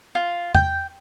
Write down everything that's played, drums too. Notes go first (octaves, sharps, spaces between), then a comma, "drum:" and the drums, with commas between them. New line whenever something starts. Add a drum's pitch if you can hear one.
F4
G5, drum: tom E2